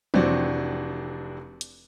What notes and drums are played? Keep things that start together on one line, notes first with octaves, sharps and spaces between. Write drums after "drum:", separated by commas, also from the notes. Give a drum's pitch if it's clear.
F1 F2 E3 C4 D4 F#4, drum: tom E3
drum: hi-hat